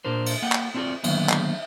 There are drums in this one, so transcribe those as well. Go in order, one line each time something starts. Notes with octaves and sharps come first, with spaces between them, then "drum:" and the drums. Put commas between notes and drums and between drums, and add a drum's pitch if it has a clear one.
A#2 D4 A#4 C5
drum: cymbal
A#3 F#5 G5
drum: clap
C4 D4 F4 F#4 A4 D5
D3 D#3 F#3 A#3 B3, drum: cymbal
drum: clap